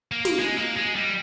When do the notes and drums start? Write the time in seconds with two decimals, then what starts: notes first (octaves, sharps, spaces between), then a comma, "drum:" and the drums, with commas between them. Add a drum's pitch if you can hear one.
0.12 A#3
0.25 drum: snare
0.39 G#3
0.58 A#3
0.76 G#3
0.95 G3